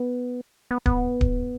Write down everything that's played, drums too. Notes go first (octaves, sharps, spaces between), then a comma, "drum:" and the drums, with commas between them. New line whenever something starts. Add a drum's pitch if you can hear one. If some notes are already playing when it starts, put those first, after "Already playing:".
Already playing: B3
B3
B3, drum: kick D1
drum: kick D1